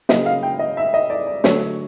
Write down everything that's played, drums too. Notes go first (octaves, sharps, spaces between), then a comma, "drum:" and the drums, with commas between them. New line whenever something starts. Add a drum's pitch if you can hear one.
C#3 F#3 A#3 D#5, drum: snare
F5
G5
D#5
E5
D#5
D5
D5
D3 F#3 A3 C#5, drum: snare